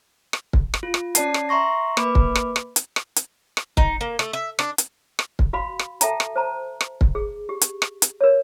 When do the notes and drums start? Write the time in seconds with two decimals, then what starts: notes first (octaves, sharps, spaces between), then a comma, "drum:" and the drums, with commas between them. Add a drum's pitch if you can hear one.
0.33 drum: rim click
0.53 drum: kick
0.74 drum: rim click
0.83 F4
0.94 drum: rim click
1.15 C#4 D5 A5 C7, drum: hi-hat
1.34 drum: rim click
1.49 E5 A#5 C6 C#6 A#6
1.97 A#3 B4 B5 D6, drum: rim click
2.15 drum: kick
2.35 drum: rim click
2.56 drum: rim click
2.76 drum: hi-hat
2.96 drum: rim click
3.16 drum: hi-hat
3.57 drum: rim click
3.77 D#4, drum: kick
4.01 A#3
4.19 A3, drum: rim click
4.33 E5
4.59 D4, drum: rim click
4.78 drum: hi-hat
5.19 drum: rim click
5.39 drum: kick
5.53 F#4 F5 B5
5.79 drum: rim click
6.01 A4 E5 G5 A5 A#5, drum: hi-hat
6.20 drum: rim click
6.36 C5 A5 A#5
6.81 drum: rim click
7.01 drum: kick
7.15 G#4
7.49 G4
7.61 drum: hi-hat
7.82 drum: rim click
8.02 drum: hi-hat
8.21 A#4 C#5